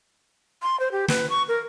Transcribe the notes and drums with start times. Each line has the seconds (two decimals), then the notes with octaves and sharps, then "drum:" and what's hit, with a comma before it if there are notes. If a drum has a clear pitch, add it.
0.63 C6
0.80 C5
0.92 G4
1.09 B4, drum: snare
1.30 C#6
1.48 A#4